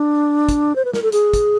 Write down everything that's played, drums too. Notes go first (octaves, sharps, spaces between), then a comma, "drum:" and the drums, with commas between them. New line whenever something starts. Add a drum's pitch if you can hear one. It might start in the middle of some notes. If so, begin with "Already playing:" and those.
Already playing: D4
drum: kick, hi-hat
C5
B4
A#4, drum: snare
A4
G#4, drum: hi-hat
drum: kick, hi-hat